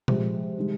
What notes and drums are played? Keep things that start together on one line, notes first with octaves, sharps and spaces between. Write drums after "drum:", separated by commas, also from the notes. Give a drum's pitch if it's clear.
C3 F3 G#3, drum: tom A#2
C3 D#3 G#3